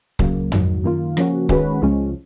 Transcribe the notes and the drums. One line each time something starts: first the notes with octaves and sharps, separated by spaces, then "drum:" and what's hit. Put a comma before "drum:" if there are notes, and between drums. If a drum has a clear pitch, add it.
C#2 C#3 F#3 A#3, drum: kick C#1
A#1 G#2 D#3 F#3, drum: tom F2
F#2 D#3 A#3 F4
C#3 F3 A#3 C#4 F#4, drum: rim click
D#3 G#3 C#4 F#4 B4, drum: kick C#1
C#2 C#3 F3 G#3 C#4